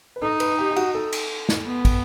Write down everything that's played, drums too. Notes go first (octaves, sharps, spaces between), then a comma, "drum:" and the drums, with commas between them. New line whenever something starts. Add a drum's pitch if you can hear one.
B4
D#4 A4
B4, drum: cymbal
G4
G4
F#4, drum: cymbal
A4
drum: cymbal
drum: snare
B3
drum: kick, cymbal